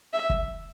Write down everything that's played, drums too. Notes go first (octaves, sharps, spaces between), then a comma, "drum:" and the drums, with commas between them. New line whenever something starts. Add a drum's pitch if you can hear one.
E5
drum: kick